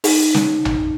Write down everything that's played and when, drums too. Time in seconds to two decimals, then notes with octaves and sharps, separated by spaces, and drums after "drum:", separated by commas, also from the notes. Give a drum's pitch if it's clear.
0.04 D#4, drum: open hi-hat
0.34 drum: snare
0.65 drum: tom A#1